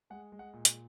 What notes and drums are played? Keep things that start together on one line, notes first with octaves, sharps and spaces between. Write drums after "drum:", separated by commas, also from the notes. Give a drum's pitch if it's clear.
G#3 F#5
G#3
F#5
A#2
drum: hi-hat